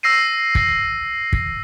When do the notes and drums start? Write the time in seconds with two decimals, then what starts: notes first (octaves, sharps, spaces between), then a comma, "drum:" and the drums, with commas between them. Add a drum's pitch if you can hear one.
0.03 E6 A#6 C7 D#7
0.55 drum: kick
1.33 drum: kick